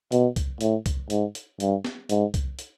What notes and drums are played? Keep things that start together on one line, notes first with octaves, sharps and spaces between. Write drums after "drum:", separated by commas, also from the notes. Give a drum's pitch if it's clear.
B2, drum: hi-hat
drum: kick C2, hi-hat
A2, drum: hi-hat
drum: kick C2, hi-hat
G#2, drum: hi-hat
drum: hi-hat
G2, drum: hi-hat
drum: snare
G#2, drum: hi-hat
drum: kick C2, hi-hat
drum: hi-hat